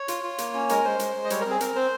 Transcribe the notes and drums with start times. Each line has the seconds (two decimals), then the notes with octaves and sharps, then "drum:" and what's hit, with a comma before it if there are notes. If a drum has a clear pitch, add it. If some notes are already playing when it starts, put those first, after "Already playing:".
Already playing: C#5
0.08 F4, drum: hi-hat
0.23 F4
0.38 A#3, drum: hi-hat
0.54 C#4
0.69 G#3 A#4, drum: hi-hat
0.85 G#3 C5
0.99 G#3, drum: hi-hat
1.15 G#3
1.25 D#5
1.30 G3 C#5, drum: hi-hat
1.40 A#4
1.46 C4 G#4
1.61 C4 A#4, drum: hi-hat
1.76 C4 C5